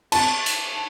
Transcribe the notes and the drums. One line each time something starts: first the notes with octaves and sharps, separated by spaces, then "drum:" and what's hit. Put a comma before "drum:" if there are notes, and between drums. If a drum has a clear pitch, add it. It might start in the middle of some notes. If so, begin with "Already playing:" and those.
A5, drum: cymbal
drum: hi-hat